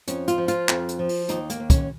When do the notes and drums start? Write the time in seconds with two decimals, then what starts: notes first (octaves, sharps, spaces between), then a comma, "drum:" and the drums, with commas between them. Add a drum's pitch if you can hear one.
0.08 F2 C#4, drum: hi-hat
0.28 F4, drum: hi-hat
0.38 F3
0.48 F4, drum: hi-hat
0.69 F2, drum: clap
0.89 drum: hi-hat
0.99 F3
1.09 drum: open hi-hat
1.29 D#2 D#4, drum: hi-hat
1.50 A#3, drum: hi-hat
1.60 D#2
1.70 C#4, drum: kick, hi-hat